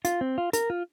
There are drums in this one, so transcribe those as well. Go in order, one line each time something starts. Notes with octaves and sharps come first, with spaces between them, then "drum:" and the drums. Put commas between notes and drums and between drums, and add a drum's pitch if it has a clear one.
F4, drum: hi-hat
C4
F4
A#4, drum: hi-hat
F4